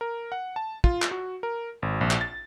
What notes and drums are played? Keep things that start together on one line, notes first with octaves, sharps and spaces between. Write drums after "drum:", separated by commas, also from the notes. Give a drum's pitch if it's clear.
A#4
F#5
A5
F4, drum: kick
drum: clap
F#4
A#4
G#1
A#1
drum: clap
A6